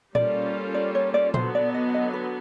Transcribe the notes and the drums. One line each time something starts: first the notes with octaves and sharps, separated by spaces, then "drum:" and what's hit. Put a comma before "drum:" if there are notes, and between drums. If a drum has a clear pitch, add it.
G3 A#3 C#4 F4 A4 D5, drum: tom A#2
D5
C#5
D5
D3 F#3 B3 C5, drum: tom A#2
D5
D#5
D#5
B4